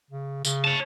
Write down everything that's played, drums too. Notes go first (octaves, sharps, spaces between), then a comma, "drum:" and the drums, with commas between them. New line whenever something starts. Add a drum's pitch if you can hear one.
C#3
C#3, drum: tambourine
C#5 A5